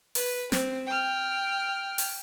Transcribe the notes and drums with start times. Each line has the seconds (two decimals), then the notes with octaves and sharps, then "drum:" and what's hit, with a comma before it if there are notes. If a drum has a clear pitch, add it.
0.15 B4, drum: open hi-hat
0.52 C4, drum: snare
0.87 G5 F6
1.98 drum: open hi-hat